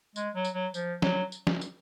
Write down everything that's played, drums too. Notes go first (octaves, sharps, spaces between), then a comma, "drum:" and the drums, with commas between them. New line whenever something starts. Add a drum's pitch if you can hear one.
G#3, drum: tambourine
F#3
drum: tambourine
F#3
F3, drum: tambourine
F#3, drum: snare
drum: tambourine
drum: snare
drum: tambourine